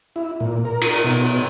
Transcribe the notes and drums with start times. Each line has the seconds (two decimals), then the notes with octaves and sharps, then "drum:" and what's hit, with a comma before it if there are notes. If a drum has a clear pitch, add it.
0.16 E4
0.40 A#2
0.65 A#4
0.81 drum: cymbal
1.04 B2